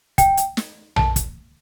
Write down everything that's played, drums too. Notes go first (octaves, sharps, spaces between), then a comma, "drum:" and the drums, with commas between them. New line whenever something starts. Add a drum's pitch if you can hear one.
G5, drum: kick, hi-hat
drum: hi-hat
drum: snare
A5, drum: tom A#1
drum: kick, hi-hat